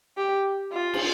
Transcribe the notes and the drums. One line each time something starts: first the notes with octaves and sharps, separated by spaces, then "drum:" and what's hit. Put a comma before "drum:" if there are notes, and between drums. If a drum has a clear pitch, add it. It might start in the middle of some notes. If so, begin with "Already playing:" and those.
G4
F4
drum: cymbal